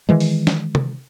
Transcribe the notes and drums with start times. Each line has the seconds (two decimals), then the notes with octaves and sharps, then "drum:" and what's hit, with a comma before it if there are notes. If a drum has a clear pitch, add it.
0.09 D#3 E3 G#3
0.20 drum: open hi-hat
0.47 drum: snare
0.75 drum: tom C3